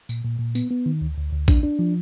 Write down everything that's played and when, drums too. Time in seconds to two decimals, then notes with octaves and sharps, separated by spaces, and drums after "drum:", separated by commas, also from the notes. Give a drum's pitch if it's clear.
0.09 A#2, drum: tambourine
0.25 A#2
0.39 A#2
0.55 B3, drum: tambourine
0.71 B3
0.86 D#3
1.01 D2
1.17 D2
1.33 D2
1.48 D4, drum: kick A#1, tambourine
1.63 D4
1.79 F3